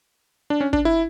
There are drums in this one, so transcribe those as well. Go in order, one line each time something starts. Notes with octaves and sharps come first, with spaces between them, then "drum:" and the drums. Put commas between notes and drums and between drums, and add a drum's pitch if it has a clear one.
D4
C#4
D4, drum: kick
E4